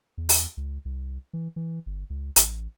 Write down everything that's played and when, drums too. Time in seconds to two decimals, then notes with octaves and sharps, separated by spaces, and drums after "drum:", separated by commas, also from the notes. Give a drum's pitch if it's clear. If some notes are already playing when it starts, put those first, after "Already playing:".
0.18 E2
0.29 drum: open hi-hat
0.57 C#2
0.85 C2
1.33 E3
1.56 E3
1.86 G1
2.10 C#2
2.36 A1, drum: hi-hat